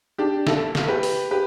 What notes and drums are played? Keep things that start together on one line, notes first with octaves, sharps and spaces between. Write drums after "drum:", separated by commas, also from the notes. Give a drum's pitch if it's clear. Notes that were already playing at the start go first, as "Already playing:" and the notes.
D4 G4
E4 A4, drum: snare
drum: snare
G4 B4
drum: open hi-hat
G4 B4